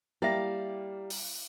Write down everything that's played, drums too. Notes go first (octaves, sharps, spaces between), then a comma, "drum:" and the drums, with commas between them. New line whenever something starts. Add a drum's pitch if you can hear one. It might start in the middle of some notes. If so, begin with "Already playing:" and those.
G3 A#3 E4 G4 D5 E5 F5
drum: open hi-hat